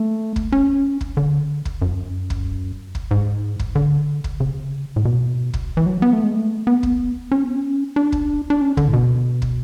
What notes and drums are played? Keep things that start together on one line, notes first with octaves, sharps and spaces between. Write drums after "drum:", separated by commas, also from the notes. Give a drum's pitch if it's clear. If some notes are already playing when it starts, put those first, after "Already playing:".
Already playing: A3
drum: kick
C#4
drum: kick
D3
drum: kick
F#2
drum: kick
drum: kick
G#2
drum: kick
D3
drum: kick
C#3
A2
B2
drum: kick
E3
F#3
B3
A3
G#3
A3
B3
drum: kick
C#4
B3
C#4
D4
drum: kick
D4
C#4
D3, drum: kick
A2
B2
drum: kick